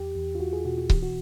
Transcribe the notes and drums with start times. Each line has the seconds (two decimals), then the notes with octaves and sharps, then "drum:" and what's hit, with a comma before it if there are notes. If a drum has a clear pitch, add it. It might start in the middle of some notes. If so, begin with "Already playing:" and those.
Already playing: E2 G4
0.15 E2
0.35 F4
0.40 E2 F#4
0.53 G#4
0.65 B2 F#4
0.78 F#4
0.90 E3 G4, drum: kick C#1
1.03 F#4